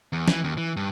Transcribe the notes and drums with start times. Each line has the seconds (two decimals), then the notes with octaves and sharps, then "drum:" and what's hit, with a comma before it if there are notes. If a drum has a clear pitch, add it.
0.13 E2
0.28 E3, drum: snare
0.44 D#2
0.58 E3
0.77 G2